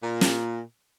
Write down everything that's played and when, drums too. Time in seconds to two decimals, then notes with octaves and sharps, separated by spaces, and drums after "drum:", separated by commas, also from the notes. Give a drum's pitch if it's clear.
0.03 A#2
0.21 drum: snare